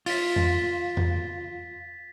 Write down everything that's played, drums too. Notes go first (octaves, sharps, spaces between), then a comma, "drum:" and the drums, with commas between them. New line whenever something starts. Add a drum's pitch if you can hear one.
F4 A6 B6, drum: open hi-hat
drum: tom F2
drum: tom F2